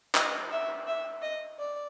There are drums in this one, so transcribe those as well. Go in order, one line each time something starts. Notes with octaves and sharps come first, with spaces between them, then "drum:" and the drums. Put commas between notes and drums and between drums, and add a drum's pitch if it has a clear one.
D#5, drum: clap
E5
E5
D#5
D5